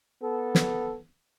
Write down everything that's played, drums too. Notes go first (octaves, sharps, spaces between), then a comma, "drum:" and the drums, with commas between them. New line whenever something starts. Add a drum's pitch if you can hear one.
B3 A4
drum: snare